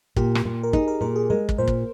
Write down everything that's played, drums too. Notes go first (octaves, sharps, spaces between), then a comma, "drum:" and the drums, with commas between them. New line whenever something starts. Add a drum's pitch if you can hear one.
A#2 G4, drum: kick
drum: rim click
A#2
A#4
D#4 G#4, drum: kick
A#4
A#2 A#4
G#4
G#3 A#4
drum: kick
A#2 C5
drum: kick